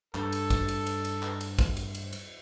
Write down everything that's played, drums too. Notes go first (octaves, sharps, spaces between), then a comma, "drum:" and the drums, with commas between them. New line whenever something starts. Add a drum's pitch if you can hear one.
G2 A4, drum: clap
drum: cymbal
drum: kick, cymbal
drum: cymbal
drum: cymbal
drum: cymbal
drum: clap
drum: cymbal
drum: kick, cymbal
drum: cymbal
drum: cymbal
drum: cymbal